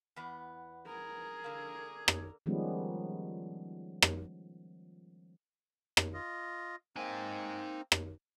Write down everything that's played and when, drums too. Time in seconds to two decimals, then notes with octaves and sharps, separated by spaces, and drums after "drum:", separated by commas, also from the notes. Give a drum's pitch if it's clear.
0.16 E2 B3
0.86 G#4 A#4
1.44 D3 A#3
2.08 drum: rim click
2.46 D#3 F3 G3 G#3 B3 C#4
4.02 drum: rim click
5.97 drum: rim click
6.14 F4 D#5
6.96 A#3 C4 D#4 G#5
7.92 drum: rim click